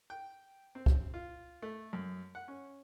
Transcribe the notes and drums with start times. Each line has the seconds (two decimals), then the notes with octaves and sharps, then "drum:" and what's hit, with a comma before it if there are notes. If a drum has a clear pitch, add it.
0.10 G5
0.75 C4
0.86 drum: kick C#2
1.14 F4
1.62 A3
1.93 F#2
2.35 F#5
2.48 C#4